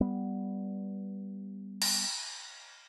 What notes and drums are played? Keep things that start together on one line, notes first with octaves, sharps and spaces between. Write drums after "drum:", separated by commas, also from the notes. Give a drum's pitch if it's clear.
G3 B3
drum: cymbal